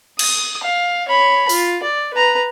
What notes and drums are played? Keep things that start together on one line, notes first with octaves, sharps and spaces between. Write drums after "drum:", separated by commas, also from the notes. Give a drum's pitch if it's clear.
D#6, drum: cymbal
F5
C#5 B5
F4, drum: open hi-hat
D5
B4 A#5